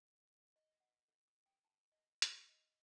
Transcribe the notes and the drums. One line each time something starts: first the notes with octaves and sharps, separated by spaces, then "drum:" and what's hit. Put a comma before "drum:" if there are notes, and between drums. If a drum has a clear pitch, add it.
D#5
F#5
A4
D#6
G5
A5
D#5
F#4, drum: hi-hat
D#5